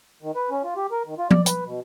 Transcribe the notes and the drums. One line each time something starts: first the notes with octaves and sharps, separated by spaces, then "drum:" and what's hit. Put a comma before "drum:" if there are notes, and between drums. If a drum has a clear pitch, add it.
D#3
B4
C#4
F4
G4
A#4
D#3
F4
D5, drum: tom F3
B4, drum: hi-hat
B2